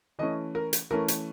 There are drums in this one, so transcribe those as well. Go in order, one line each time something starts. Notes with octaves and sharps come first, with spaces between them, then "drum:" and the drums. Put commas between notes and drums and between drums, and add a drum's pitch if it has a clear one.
E3 A3 C#4 D#5
A#4
drum: hi-hat
E3 A3 C#4 A#4
drum: hi-hat